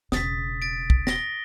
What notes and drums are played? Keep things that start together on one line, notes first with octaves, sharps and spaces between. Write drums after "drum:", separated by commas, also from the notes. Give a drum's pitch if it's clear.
E1 C#3 D#6 A6 B6, drum: snare
A6 D7
drum: kick
A#6 G7, drum: snare